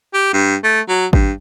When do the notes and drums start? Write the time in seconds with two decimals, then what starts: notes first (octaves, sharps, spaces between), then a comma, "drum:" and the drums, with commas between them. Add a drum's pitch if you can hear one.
0.14 G4
0.34 G2
0.64 A3
0.89 F#3
1.13 G2, drum: kick G#1